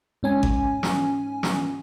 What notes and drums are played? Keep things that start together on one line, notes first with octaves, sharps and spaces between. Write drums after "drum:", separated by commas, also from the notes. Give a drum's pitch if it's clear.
G#2 C#4 G#5
drum: kick G#1
drum: snare
drum: snare